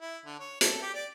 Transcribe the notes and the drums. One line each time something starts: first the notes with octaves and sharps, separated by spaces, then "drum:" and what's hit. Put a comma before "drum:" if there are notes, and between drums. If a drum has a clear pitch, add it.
E4
D3
C#5
A4, drum: hi-hat
G4
D5